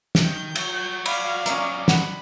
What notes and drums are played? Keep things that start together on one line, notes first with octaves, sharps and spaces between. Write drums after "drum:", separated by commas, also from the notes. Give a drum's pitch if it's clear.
drum: snare
D#3 G6
F#4 C#5, drum: cymbal
D5 F5 B5, drum: cymbal
F#3 C#4 D#5 A#5, drum: hi-hat
F#5 B5, drum: snare